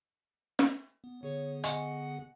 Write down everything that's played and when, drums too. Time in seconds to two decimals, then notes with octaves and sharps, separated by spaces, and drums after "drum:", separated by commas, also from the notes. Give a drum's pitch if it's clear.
0.59 drum: snare
1.04 B3
1.23 D3 B3 G#4 C#5
1.64 D#5 F#5 G#5 C#6, drum: hi-hat